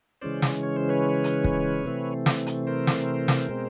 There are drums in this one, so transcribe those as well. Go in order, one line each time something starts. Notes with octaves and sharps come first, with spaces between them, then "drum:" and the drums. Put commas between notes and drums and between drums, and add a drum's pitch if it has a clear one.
C#3 E3 G#3 C#4 C5 D5
drum: snare
C#5
C5
B4 C#5
drum: hi-hat
drum: kick
C3 E3 A3 C4
drum: snare
drum: hi-hat
A#4 C5
drum: snare
drum: snare
B2 G#3 C4